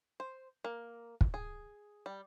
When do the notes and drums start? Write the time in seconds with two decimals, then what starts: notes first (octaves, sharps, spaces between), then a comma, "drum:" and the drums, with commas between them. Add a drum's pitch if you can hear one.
0.20 C5
0.64 A#3
1.21 drum: kick
1.34 G#4
2.06 G3